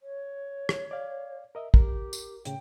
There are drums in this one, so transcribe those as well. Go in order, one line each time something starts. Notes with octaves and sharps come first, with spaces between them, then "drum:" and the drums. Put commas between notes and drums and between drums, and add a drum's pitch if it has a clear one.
C#5
drum: rim click
D5 F5
A#4 D#5 E5
G4 A#4, drum: kick
drum: tambourine
A2 C#3 G5, drum: hi-hat